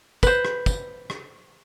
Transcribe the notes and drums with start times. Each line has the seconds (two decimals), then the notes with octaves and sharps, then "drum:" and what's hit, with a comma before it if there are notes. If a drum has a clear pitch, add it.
0.23 B4 C5, drum: kick, tambourine
0.45 drum: rim click
0.66 drum: kick, tambourine
1.10 drum: rim click